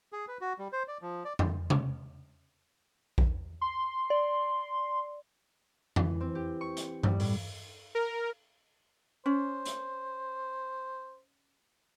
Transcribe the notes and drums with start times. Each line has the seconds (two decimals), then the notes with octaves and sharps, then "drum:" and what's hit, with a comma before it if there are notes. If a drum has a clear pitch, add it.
0.13 G#4
0.28 B4
0.41 F#4
0.58 G3
0.73 C5
0.88 D5
1.01 F3
1.25 D5
1.39 drum: tom F2
1.70 drum: tom C3
3.18 drum: kick A#1
3.61 C6
4.10 D5
5.96 E3, drum: tom F2
6.21 C4
6.35 G4
6.61 C#6
6.77 drum: hi-hat
7.03 G3, drum: tom G2
7.20 A2, drum: open hi-hat
7.95 A#4
9.26 C#4 C5
9.66 drum: hi-hat